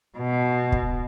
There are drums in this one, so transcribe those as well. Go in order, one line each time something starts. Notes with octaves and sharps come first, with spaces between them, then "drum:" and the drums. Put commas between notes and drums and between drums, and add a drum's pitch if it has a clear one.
B2
drum: kick